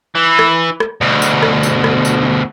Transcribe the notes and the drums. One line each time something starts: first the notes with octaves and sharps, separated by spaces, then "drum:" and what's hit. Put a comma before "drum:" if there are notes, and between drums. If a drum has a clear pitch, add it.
E3
drum: rim click
drum: rim click
D2 B2
drum: tambourine
drum: rim click
drum: tambourine
drum: rim click
drum: tambourine